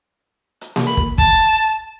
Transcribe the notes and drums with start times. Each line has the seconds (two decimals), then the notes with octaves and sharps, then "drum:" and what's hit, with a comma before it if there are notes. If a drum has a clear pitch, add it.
0.61 drum: hi-hat
0.76 drum: snare A#3
0.87 B5
0.97 drum: kick
1.18 A5, drum: kick